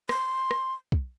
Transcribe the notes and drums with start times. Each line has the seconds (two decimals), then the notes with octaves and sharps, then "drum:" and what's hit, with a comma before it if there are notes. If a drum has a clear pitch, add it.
0.09 C6, drum: rim click
0.51 drum: rim click
0.92 drum: kick